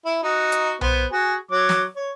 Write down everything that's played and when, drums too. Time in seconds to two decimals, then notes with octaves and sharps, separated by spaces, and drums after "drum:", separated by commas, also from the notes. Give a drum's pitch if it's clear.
0.05 E4
0.23 D#4 F#4
0.52 drum: hi-hat
0.81 B3 C5, drum: tom B1
1.11 F#4 G#4
1.51 F#3 C#5 D6
1.69 drum: snare
1.96 C#5